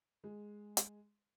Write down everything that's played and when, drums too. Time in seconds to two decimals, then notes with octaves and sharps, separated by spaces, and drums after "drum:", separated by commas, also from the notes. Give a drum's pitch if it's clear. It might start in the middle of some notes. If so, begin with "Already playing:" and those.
0.24 G#3
0.77 drum: hi-hat